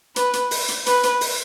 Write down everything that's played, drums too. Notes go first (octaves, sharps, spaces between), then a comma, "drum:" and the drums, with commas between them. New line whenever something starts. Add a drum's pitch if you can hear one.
B4, drum: hi-hat
drum: hi-hat
drum: open hi-hat
drum: hi-hat
B4, drum: hi-hat
drum: hi-hat
drum: open hi-hat